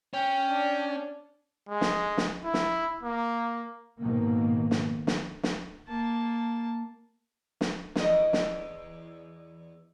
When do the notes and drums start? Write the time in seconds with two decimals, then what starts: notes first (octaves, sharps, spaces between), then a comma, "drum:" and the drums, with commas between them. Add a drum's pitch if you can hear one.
0.13 C#4 G5
0.49 D4
1.69 G#3
1.81 drum: snare
2.17 drum: snare
2.44 E4
2.54 drum: snare
3.03 A#3
3.99 G#2 B2 D#3 A#3
4.71 drum: snare
5.07 drum: snare
5.43 drum: snare
5.88 A#3 A5
7.61 drum: snare
7.96 E2 D#5, drum: snare
8.33 drum: snare